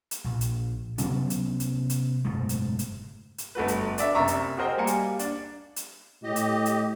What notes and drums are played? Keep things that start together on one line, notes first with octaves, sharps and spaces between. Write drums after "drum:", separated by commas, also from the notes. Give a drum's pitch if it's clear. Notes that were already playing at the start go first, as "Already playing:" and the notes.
drum: hi-hat
A#1
drum: hi-hat
C3 F#3 B3 C#4, drum: hi-hat
drum: hi-hat
drum: hi-hat
drum: hi-hat
F#1 G#2 B2 A3
drum: hi-hat
drum: hi-hat
drum: hi-hat
G1 A3 F#4 B4
drum: hi-hat
D4 D5 E5, drum: hi-hat
F#1 C3 E5 A#5 C#6
drum: hi-hat
F#4 G#4 A#4 C5 D#5 G5
G3 A#3 G#5 A#5 C#7
drum: hi-hat
D4, drum: hi-hat
drum: hi-hat
A2 G4 D#5
drum: hi-hat
drum: hi-hat